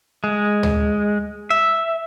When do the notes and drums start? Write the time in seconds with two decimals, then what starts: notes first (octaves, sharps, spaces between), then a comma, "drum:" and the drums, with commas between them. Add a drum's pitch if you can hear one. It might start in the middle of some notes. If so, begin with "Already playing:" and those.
0.24 G#3
0.63 drum: tom D2
1.50 E5